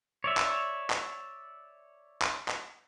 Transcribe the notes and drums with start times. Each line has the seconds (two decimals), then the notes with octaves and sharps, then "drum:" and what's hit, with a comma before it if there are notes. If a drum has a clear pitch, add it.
0.24 C#5 D5 E5
0.37 drum: clap
0.90 drum: clap
2.22 drum: clap
2.48 drum: clap